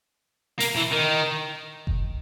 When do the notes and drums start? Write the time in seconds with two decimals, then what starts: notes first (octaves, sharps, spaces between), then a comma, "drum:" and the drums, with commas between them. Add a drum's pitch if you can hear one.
0.60 A#3, drum: open hi-hat
0.77 E3
0.93 D#3
1.87 drum: kick F#1